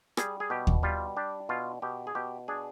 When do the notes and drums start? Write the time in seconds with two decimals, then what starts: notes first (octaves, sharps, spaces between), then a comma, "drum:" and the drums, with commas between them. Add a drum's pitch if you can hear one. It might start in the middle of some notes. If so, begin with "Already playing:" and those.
0.17 G3 G#4, drum: rim click
0.40 G#4
0.50 B2 G4
0.67 drum: kick D#2
0.83 G3 F4
1.17 D4 G4
1.49 B2 F4
1.82 B2 G4
2.07 G#4
2.15 B2 G4
2.48 D4 G#4